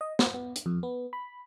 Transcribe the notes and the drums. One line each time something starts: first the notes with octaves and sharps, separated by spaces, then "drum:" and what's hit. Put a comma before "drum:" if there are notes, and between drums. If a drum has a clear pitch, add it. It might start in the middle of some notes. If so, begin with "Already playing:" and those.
D#5
C5, drum: snare
B3
drum: hi-hat
F2
B3
B5